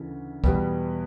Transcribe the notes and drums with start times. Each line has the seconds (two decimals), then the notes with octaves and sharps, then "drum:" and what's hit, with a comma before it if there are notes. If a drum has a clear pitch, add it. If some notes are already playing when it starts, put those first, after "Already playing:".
Already playing: D2 C#3 E3
0.44 E2 B2 G3 B3, drum: kick